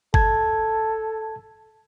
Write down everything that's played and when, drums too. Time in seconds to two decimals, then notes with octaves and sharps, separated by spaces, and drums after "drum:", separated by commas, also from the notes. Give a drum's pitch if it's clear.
0.14 A4 A5 G#6, drum: kick F#1